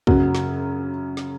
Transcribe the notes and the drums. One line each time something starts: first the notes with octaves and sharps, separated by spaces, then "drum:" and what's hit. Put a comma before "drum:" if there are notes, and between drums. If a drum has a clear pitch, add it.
F#2 C#3 F#3, drum: kick
drum: snare
drum: snare